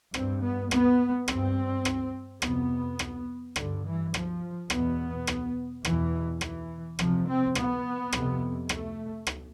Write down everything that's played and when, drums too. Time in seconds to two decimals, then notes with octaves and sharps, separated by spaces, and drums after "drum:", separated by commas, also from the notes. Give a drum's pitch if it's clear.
0.14 G2 C4, drum: rim click
0.42 B3
0.71 B3, drum: rim click
1.28 G2 C4, drum: rim click
1.85 drum: rim click
2.42 F2 C3 B3, drum: rim click
2.99 drum: rim click
3.56 G2 D3, drum: rim click
3.85 E3
4.14 F3, drum: rim click
4.70 E2 B2 B3, drum: rim click
5.27 drum: rim click
5.85 E2 B2 E3, drum: rim click
6.41 E3, drum: rim click
6.99 F2 C3 F3, drum: rim click
7.27 C4
7.55 B3, drum: rim click
8.12 F2 C3, drum: rim click
8.69 A3, drum: rim click
9.27 drum: rim click